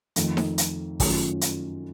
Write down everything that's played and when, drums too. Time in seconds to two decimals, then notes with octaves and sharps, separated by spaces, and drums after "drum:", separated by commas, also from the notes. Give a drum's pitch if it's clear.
0.16 F2 D#3 A3, drum: hi-hat
0.37 drum: snare D#4
0.58 drum: hi-hat
1.00 F#2 D#3 A3 C#4 F4, drum: kick, open hi-hat
1.41 drum: hi-hat